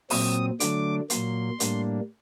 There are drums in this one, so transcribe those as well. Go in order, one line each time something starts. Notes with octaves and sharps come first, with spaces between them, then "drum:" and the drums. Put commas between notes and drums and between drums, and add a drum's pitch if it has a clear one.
A#2 F#3 C4 D#6, drum: open hi-hat
D3 F#3 A3 D4 D6, drum: hi-hat
A#2 F#3 A#3 C6, drum: hi-hat
A2 G3 A#3 D4, drum: hi-hat